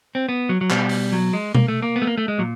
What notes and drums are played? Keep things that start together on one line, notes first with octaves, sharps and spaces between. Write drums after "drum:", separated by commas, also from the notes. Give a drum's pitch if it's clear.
C4
B3
F#3
F#3
B2 G3, drum: clap
drum: open hi-hat
F#3
G#3
A#3, drum: tom B2
A3
A#3
B3
A3
A#3
A3
G#3
A#2 F#3